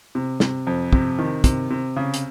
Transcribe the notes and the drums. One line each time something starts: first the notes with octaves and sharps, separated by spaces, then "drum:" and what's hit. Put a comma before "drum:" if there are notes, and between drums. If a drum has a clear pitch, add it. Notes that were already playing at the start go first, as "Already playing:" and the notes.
C3
C3, drum: snare
F2
C3, drum: kick
D#3
C3, drum: kick, hi-hat
C3
C#3
drum: hi-hat